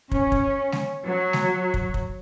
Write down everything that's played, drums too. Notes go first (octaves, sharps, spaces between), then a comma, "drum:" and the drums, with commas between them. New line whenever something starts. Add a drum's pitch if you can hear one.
C#4, drum: kick
drum: kick
drum: snare G#3
F#3
drum: snare G#3
drum: kick
drum: kick